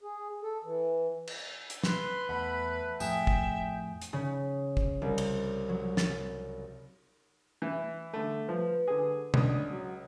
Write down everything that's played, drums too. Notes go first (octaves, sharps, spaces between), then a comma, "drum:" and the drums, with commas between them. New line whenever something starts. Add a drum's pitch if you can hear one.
G#4
A4
E3
drum: cymbal
drum: hi-hat
B4 C6, drum: snare
E2 A3 F#5 B5
F2 A2 G#4 E5 G5, drum: tambourine
drum: kick
drum: hi-hat
C#3
drum: kick
C2
drum: cymbal
F#3
A6, drum: snare
E3
D3 A3
F3 B4
D3 G#4
C#2 D3 D#6, drum: tom
F#3